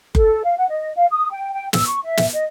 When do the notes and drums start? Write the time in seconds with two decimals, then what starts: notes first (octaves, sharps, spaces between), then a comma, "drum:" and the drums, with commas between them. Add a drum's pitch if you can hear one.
0.15 A4, drum: kick F#1
0.44 F5
0.57 F#5
0.70 D#5
0.96 F5
1.12 D#6
1.32 G5
1.53 G5
1.73 E6, drum: snare
1.87 C#6
2.04 E5
2.17 drum: snare
2.33 D#5